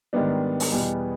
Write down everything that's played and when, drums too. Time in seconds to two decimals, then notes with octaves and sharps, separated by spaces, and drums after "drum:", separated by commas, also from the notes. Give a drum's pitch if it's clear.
0.13 G#2 D#3 G3 B3 D4
0.60 drum: open hi-hat
0.72 E2 B2 G3 B3